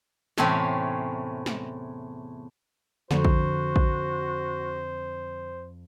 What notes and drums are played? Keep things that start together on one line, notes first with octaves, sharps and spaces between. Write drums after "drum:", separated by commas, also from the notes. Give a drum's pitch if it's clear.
E2 A2 C3 C4 C#4, drum: snare
drum: snare
F2 D3 F#4 C5, drum: snare
drum: kick A#1
drum: kick A#1